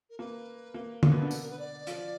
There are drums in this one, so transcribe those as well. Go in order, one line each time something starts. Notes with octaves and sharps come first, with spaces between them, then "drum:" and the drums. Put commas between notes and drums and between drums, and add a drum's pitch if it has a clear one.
A#4
A#3 B4
A#3
A#3, drum: tom D3
B2 B3
D3 D4
A#4, drum: tambourine
A#4
B4
D5
F3 F4, drum: hi-hat